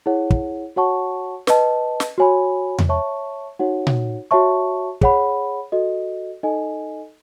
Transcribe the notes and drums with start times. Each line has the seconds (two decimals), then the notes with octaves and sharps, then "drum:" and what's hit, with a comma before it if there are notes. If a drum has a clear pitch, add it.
0.06 E4 G#4 C#5 F#5
0.30 drum: kick
0.76 F#4 C#5 F#5 A5 C#6
1.47 B4 D#5 A5, drum: snare
2.00 drum: snare
2.18 F#4 C#5 G#5 B5
2.79 drum: tom E2
2.89 C#5 E5 A5 C#6
3.59 D#4 F#4 C#5 F#5
3.87 drum: tom A#2
4.31 F#4 C#5 E5 A5 C#6
5.01 G#4 C#5 F#5 B5, drum: kick
5.72 F#4 A4 D#5
6.43 D#4 A4 D#5 G#5